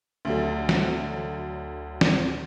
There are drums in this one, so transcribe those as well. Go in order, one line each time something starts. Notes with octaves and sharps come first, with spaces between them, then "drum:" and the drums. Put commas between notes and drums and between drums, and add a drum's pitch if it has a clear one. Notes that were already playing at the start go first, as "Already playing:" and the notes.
D2 D3 F#3
drum: snare
drum: snare